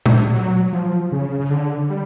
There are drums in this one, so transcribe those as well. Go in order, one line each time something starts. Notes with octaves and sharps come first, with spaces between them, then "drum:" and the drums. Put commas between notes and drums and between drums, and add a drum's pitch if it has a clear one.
drum: tom A#2
F#3
F3
C#3
C#3
D3
G3